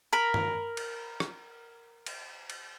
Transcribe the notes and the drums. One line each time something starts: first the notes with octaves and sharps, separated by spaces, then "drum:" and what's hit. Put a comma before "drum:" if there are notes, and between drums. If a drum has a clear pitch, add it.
A#4 B5
drum: tom
drum: cymbal
drum: rim click
drum: cymbal
drum: cymbal